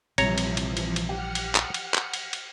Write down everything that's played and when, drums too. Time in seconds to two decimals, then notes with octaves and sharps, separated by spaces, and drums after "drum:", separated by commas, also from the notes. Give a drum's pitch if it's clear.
0.18 A#1 C3 E3 F3 G3 C#5 A#5, drum: cymbal
0.38 drum: cymbal
0.57 drum: cymbal
0.77 drum: cymbal
0.96 drum: cymbal
1.09 G4 F#5 F6 C#7
1.35 drum: cymbal
1.55 drum: clap
1.74 drum: cymbal
1.94 drum: clap
2.13 drum: cymbal
2.33 drum: cymbal